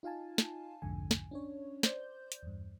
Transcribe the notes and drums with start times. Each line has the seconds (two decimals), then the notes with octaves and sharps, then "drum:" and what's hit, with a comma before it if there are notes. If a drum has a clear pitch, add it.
0.03 D#4 F4 F5 G#5 A5
0.38 drum: snare
0.82 B1 F2 G#2 D3 G#5
1.11 drum: snare
1.31 C#4 D4 C#5
1.83 C5 D5 G6, drum: snare
2.32 drum: hi-hat
2.42 E2 G2